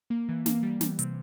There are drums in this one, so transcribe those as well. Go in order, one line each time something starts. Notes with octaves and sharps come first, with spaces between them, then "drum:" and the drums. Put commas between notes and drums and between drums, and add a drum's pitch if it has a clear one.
A#3
E3
A#3, drum: snare
G3
E3, drum: snare
C3, drum: hi-hat